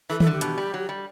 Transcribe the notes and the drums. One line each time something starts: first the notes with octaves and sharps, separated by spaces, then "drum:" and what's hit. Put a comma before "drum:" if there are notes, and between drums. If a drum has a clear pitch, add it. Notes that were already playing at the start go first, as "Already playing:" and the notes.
E3 A4
A4, drum: tom D#3
D3
G4
B2, drum: hi-hat
G3
F#3
G3